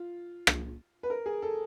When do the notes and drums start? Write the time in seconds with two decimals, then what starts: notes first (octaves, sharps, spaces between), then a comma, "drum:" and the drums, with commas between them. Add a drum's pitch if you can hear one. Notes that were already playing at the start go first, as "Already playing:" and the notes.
Already playing: F4
0.47 drum: rim click
1.03 B4
1.10 A#4
1.26 G#4
1.42 A4